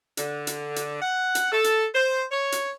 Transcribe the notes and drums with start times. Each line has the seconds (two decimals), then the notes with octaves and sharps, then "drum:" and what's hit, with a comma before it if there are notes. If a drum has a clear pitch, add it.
0.17 D3, drum: hi-hat
0.47 drum: hi-hat
0.76 drum: hi-hat
1.01 F#5
1.35 drum: hi-hat
1.51 A4
1.64 drum: hi-hat
1.94 C5
2.30 C#5
2.52 drum: hi-hat